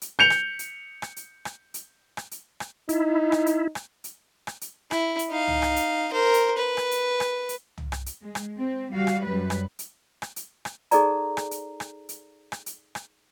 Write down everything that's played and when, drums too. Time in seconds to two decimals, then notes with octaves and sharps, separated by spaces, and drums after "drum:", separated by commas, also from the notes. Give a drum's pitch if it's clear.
0.02 drum: hi-hat
0.19 G6 C#7 F7
0.30 drum: rim click
0.59 drum: hi-hat
1.02 drum: rim click
1.16 drum: hi-hat
1.45 drum: rim click
1.74 drum: hi-hat
2.17 drum: rim click
2.31 drum: hi-hat
2.60 drum: rim click
2.89 D#4 E4, drum: hi-hat
3.32 drum: rim click
3.46 drum: hi-hat
3.75 drum: rim click
4.04 drum: hi-hat
4.47 drum: rim click
4.61 drum: hi-hat
4.91 E4, drum: rim click
5.19 drum: hi-hat
5.30 D#4 F5
5.48 drum: tom
5.62 drum: rim click
5.76 drum: hi-hat
6.13 A#4 C5
6.34 drum: hi-hat
6.58 B4
6.77 drum: rim click
6.91 drum: hi-hat
7.20 drum: rim click
7.49 drum: hi-hat
7.78 drum: tom
7.92 drum: rim click
8.06 drum: hi-hat
8.22 G#3
8.35 drum: rim click
8.58 C4
8.92 G3 F#4 F5
9.07 drum: rim click
9.25 F#2 G3 B4
9.50 drum: rim click
9.79 drum: hi-hat
10.22 drum: rim click
10.36 drum: hi-hat
10.65 drum: rim click
10.91 D#4 G#4 A4 C5 D5 A#5, drum: hi-hat
11.37 drum: rim click
11.51 drum: hi-hat
11.80 drum: rim click
12.09 drum: hi-hat
12.52 drum: rim click
12.66 drum: hi-hat
12.95 drum: rim click